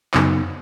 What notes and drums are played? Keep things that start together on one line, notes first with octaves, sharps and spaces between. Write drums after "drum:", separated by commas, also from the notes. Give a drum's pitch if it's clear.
F#2 C#3 F#3 B3 D#4, drum: clap